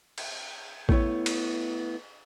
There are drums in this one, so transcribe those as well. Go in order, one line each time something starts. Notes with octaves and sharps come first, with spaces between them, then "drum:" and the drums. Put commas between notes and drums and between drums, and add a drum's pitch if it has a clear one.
drum: cymbal
A3 B3 E4 C#5, drum: kick A1
drum: cymbal